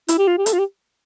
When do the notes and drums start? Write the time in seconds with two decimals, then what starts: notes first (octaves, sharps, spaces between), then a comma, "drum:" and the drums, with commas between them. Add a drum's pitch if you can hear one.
0.08 E4, drum: hi-hat
0.18 G4
0.28 F4
0.38 G4
0.46 A4, drum: hi-hat
0.53 F4
0.59 G4